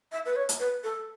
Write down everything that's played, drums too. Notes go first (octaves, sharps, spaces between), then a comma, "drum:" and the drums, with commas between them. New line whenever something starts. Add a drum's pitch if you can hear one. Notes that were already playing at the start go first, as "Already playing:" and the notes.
E5
B4
C#5
drum: hi-hat
B4
A4